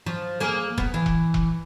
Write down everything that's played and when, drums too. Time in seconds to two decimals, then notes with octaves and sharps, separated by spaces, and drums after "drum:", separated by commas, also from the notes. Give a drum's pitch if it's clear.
0.06 F3
0.40 A#3 G#4
0.78 B3, drum: kick E1
0.94 E3
1.06 drum: kick E1
1.34 drum: kick E1